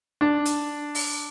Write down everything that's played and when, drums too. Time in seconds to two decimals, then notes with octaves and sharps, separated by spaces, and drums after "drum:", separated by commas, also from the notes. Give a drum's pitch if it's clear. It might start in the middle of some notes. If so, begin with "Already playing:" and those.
0.21 D4
0.45 drum: hi-hat
0.95 drum: open hi-hat